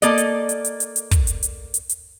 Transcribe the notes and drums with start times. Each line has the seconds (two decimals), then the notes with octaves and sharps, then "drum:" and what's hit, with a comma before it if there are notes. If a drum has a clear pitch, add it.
0.02 A#3 A4 D5 D#5, drum: hi-hat
0.18 drum: hi-hat
0.49 drum: hi-hat
0.65 drum: hi-hat
0.80 drum: hi-hat
0.96 drum: hi-hat
1.11 drum: kick, hi-hat
1.27 drum: hi-hat
1.43 drum: hi-hat
1.74 drum: hi-hat
1.89 drum: hi-hat